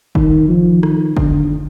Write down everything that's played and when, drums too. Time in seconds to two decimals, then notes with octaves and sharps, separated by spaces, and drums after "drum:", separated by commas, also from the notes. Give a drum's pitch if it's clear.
0.15 D#3, drum: kick
0.48 F3
0.83 D#3, drum: rim click
1.17 D3, drum: kick